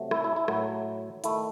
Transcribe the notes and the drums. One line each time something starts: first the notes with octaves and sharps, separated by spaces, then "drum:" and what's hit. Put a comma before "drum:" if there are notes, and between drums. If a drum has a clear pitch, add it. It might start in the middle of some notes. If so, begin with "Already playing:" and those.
Already playing: C3 F#3 A3
E4, drum: rim click
E4
E4
A2 F#3 A3 E4, drum: rim click
D#3 A3 E4, drum: hi-hat